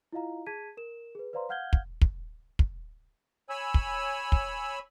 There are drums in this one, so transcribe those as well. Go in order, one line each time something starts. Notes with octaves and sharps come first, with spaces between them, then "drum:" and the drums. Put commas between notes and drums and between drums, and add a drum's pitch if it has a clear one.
E4 F4 D#5 F5 A#5
G#4 A5 G#6 B6 D#7
A#4 E7
G#4 B4
B4 C5 D5 F5 A#5 C6
F5 F#5 F6 G6 G#6 G7
drum: kick
drum: kick
drum: kick
C#5 G#5 B5 E6
drum: kick
drum: kick